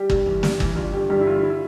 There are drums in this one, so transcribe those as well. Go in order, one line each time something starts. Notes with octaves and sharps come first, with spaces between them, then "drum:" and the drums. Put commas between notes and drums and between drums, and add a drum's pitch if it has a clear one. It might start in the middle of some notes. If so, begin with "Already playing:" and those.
Already playing: G3 G4
G2, drum: kick
E3
G2, drum: snare
E3, drum: kick
G2 F4
D3 G3 G4
G2 G3 G4
E4
D3 F4
E4